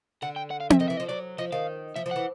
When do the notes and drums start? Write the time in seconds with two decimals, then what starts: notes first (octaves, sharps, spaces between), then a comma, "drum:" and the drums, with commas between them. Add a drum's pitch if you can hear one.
0.22 D3 F#5
0.36 G5
0.51 F#5
0.60 F5
0.70 E5, drum: tom C4
0.80 D#3 D#5
0.88 E3 E5
0.97 D#5
1.00 F3
1.09 F#3 D5
1.38 F3 D#5
1.52 D#3 F5
1.96 F3 E5
2.06 F3
2.11 E3 F#5